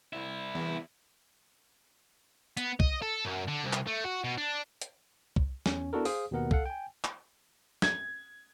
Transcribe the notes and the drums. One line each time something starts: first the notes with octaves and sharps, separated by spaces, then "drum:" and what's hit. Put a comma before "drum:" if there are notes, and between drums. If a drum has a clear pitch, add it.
C2 E4
E2
B3, drum: hi-hat
D#5, drum: kick
A4
F#2
D3
C2
drum: clap
A3
F#4
B2
D4
drum: hi-hat
drum: kick
E2 C#4, drum: snare
B3 D4 E4 F#4 A4 A#4
G#4 C5 F5 D#6, drum: open hi-hat
D#2 B2 B3 A#4 F#5
A4 F5 F#5, drum: kick
G5 G#5
drum: clap
G#6, drum: snare